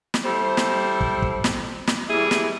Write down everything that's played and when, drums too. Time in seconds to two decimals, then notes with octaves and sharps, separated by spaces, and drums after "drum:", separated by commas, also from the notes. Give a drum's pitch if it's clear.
0.14 drum: snare
0.24 G3 E4 A4 C5
0.57 drum: snare
1.01 drum: kick
1.22 drum: kick
1.44 drum: snare
1.87 drum: snare
2.09 A2 E3 G3 E4 G#4
2.31 drum: snare